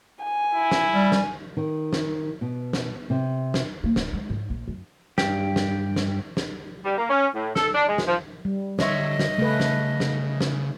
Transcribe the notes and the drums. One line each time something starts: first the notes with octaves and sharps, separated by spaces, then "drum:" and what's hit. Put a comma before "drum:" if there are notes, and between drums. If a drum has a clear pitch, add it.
G#5
E4
drum: snare
G3
drum: snare
D#3
drum: snare
B2
drum: snare
C3
drum: snare
A#3
D1, drum: snare
G#3
G#2
A#1
F#2
G2 G4, drum: snare
drum: snare
drum: snare
drum: snare
G3
A#3
C#4
A2
A4, drum: snare
D4
G#3
drum: snare
F3
G3
D3 C#5 D#5 E5 C6, drum: snare
drum: snare
C#3 A3 B4
drum: snare
drum: snare
drum: snare